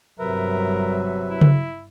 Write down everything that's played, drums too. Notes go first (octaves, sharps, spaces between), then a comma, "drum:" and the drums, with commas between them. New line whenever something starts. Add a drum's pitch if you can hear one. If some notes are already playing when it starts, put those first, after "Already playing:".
G1 G2 C3 F#3 A#4 B4 E5
E4
drum: tom C#3